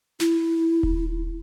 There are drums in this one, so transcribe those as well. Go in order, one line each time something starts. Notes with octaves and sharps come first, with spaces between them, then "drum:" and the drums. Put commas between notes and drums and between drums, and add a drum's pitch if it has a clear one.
E4, drum: snare
drum: kick D#1